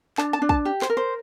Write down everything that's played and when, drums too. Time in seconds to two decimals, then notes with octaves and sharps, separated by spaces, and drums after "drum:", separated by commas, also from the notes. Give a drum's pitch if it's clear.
0.18 D4 A5, drum: clap
0.33 A5
0.42 D4
0.49 A5, drum: kick
0.65 G4
0.82 C5, drum: clap
0.90 A#4
0.97 C5